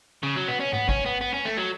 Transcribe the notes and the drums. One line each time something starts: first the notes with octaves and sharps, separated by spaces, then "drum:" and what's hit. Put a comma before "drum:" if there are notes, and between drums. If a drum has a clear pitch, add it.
C#3
F#3
B3
C#4
B3, drum: tom G#2
C#4, drum: kick G#1
B3
B3
C#4
A3
F#3